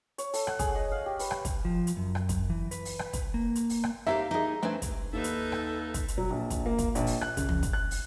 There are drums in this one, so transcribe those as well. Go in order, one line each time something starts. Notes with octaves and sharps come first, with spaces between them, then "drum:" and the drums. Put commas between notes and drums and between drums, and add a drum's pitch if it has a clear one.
C#5, drum: hi-hat
A4, drum: open hi-hat
F#5, drum: rim click
G#4, drum: kick, hi-hat
D#5
F5
G4
B4, drum: open hi-hat
drum: rim click
drum: kick, hi-hat
F3
drum: hi-hat
F#2
drum: rim click
drum: kick, hi-hat
E3
B4, drum: hi-hat
drum: open hi-hat
drum: rim click
drum: kick, hi-hat
A#3
drum: hi-hat
drum: open hi-hat
drum: rim click
A#3 C4 D#4 G4 C#5 E5 F5
A#3 D#4 G#4 D#5
A3 C4 D4 B4 G#5
drum: kick, hi-hat
D#2 D#4 A4 B4 E5
drum: hi-hat
drum: rim click
B4
drum: kick, hi-hat
drum: hi-hat
F#3
A#1
drum: kick, hi-hat
A#3
drum: kick, hi-hat
A#1, drum: hi-hat
drum: open hi-hat
F#6, drum: rim click
C#3, drum: kick, hi-hat
drum: tom
drum: kick, hi-hat
F#6
drum: open hi-hat